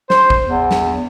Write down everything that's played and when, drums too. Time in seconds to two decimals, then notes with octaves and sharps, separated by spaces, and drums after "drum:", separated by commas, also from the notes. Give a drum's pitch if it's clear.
0.10 C5, drum: snare
0.30 drum: kick
0.45 E2
0.71 drum: snare